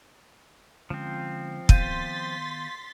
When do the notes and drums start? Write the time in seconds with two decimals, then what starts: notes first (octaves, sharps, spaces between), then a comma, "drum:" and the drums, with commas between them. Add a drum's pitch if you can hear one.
0.90 D3 F3 G#3 C4 C#4
1.69 D#3 B3 F5 C6 G6 A6 B6 D#7, drum: kick